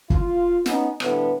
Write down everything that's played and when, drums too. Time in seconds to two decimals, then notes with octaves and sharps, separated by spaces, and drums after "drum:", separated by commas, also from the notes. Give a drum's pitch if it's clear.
0.10 F4, drum: kick
0.66 B3 C#4 D#4, drum: snare
1.00 A2 D3 G3 B3, drum: rim click